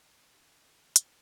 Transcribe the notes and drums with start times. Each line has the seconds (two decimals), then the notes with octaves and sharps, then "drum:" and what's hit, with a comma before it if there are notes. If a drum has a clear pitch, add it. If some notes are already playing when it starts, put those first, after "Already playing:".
Already playing: D#3
0.49 D#3
0.96 drum: hi-hat